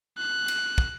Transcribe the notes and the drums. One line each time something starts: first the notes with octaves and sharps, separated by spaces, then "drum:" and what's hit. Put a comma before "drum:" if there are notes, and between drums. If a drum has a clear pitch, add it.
F#6
drum: cymbal
drum: kick